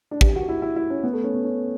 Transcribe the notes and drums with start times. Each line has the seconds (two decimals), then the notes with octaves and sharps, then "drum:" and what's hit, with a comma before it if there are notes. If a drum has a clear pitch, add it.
0.11 D4
0.21 G4, drum: kick
0.36 F#4
0.49 E4
0.62 E4
0.76 E4
0.90 C#4
1.03 B3
1.13 A3
1.24 C#4
1.34 B3
1.45 C#4